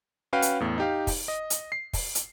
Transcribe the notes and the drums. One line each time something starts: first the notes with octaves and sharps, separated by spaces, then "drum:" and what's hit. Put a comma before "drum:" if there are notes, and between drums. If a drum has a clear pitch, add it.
C#4 F#4 B4 F5 G5
drum: hi-hat
E2 A2
D#4 G4 F5
drum: kick, open hi-hat
D#5
drum: hi-hat
C7
drum: kick, open hi-hat
drum: hi-hat